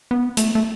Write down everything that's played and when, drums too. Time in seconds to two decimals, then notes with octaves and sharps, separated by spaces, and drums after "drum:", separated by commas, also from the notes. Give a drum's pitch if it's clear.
0.11 B3
0.37 A3, drum: hi-hat
0.55 A3